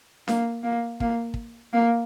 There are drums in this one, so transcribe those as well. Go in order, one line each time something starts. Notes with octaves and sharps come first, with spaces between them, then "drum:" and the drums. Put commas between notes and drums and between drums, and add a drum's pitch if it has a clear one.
A#3, drum: snare D4
A#3
A#3, drum: kick
drum: kick
A#3